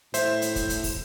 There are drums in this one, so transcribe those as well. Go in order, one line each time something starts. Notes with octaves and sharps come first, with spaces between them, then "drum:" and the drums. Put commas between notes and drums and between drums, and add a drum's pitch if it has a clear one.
A2 C5 E5, drum: hi-hat
drum: hi-hat
drum: kick, hi-hat
drum: hi-hat
drum: kick, open hi-hat